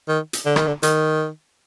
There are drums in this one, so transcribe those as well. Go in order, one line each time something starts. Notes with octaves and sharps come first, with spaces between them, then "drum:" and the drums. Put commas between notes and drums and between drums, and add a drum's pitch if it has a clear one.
D#3
drum: hi-hat
D3
D#3, drum: rim click
D3
D#3, drum: hi-hat